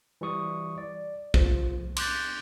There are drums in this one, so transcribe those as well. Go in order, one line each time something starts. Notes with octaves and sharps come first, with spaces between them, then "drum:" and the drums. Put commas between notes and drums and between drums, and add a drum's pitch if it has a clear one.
E3 G3 C#6 D#6
D5
F3, drum: kick
C6 D6 F#6 G6 A6, drum: cymbal